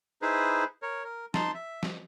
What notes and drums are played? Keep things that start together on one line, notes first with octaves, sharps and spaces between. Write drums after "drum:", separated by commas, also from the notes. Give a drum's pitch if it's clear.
D#4 E4 G#4 B4 C5
A#4 C#5
A#4
D#4 A5 C6, drum: snare
E5
drum: snare